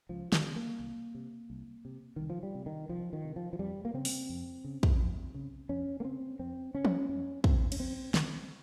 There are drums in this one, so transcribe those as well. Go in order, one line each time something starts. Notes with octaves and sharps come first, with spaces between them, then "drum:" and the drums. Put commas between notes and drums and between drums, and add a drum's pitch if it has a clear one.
C#2 F3
G3, drum: snare
C#3
A#3
C2
C3
C2
C3
C2 D#3
F3
G3
C3
D#3
C2 F3
D#3
C3
F3
F3
F2 G3
A#3
C#3 C4
drum: open hi-hat
F2
C#3
drum: kick
F2
C#3
F2 C#4
A#3
C#3 C4
F2 C4
C#3 C#4
drum: tom
F2 C#4
C#3 C4, drum: kick
C#4, drum: cymbal
F2 C4
C#3 C4, drum: snare